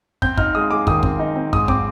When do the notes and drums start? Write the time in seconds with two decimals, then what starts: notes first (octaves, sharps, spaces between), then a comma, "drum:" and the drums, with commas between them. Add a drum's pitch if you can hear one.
0.22 C4 G6, drum: kick
0.37 D#4 F6, drum: kick
0.55 G#3 D#6
0.71 G#3 D6
0.87 D#3 D#6, drum: kick
1.03 C4, drum: kick
1.19 D#4
1.36 C4
1.53 G#2 D#6, drum: kick
1.68 C4 D6, drum: kick